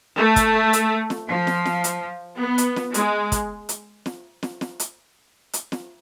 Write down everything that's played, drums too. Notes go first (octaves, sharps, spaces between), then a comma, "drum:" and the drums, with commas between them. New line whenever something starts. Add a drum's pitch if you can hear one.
A3
drum: kick, hi-hat
drum: hi-hat
drum: snare
F3
drum: snare
drum: snare
drum: hi-hat
B3
drum: hi-hat
drum: snare
G#3, drum: hi-hat
drum: kick, hi-hat
drum: hi-hat
drum: snare
drum: snare
drum: snare
drum: hi-hat
drum: hi-hat
drum: snare